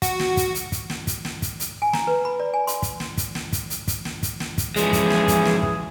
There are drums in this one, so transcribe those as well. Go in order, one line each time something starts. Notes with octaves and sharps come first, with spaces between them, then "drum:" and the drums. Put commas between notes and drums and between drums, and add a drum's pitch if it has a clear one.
F#4, drum: kick, hi-hat
drum: snare
drum: kick, hi-hat
drum: hi-hat
drum: kick, hi-hat
drum: snare
drum: kick, hi-hat
drum: snare
drum: kick, hi-hat
drum: hi-hat
G#5
A#5, drum: snare
B4
B5
D5
G#5
C6, drum: hi-hat
drum: kick, hi-hat
drum: snare
drum: kick, hi-hat
drum: snare
drum: kick, hi-hat
drum: hi-hat
drum: kick, hi-hat
drum: snare
drum: kick, hi-hat
drum: snare
drum: kick, hi-hat
C#3 E3 F3 G#3 G#4, drum: hi-hat
drum: kick, hi-hat
drum: snare
drum: kick, hi-hat
drum: snare
drum: kick